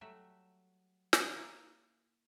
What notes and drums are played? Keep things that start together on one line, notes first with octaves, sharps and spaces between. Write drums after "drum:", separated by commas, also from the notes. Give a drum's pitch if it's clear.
F#3 G3 A3 E5 F#5
drum: snare
A#3 E4